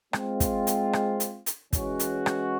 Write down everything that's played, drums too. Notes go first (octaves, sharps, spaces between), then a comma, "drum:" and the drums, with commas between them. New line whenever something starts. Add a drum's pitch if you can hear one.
G#3 C4 F4, drum: rim click
drum: kick, hi-hat
drum: hi-hat
drum: rim click
drum: hi-hat
drum: hi-hat
E3 G#3 C#4 F#4, drum: kick, hi-hat
drum: hi-hat
drum: rim click